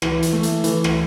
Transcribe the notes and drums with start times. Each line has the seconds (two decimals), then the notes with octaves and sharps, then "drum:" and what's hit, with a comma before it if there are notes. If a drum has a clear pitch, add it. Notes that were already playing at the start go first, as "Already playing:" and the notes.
0.02 E3, drum: rim click
0.23 drum: hi-hat
0.33 A3
0.43 drum: hi-hat
0.64 E3, drum: hi-hat
0.84 drum: rim click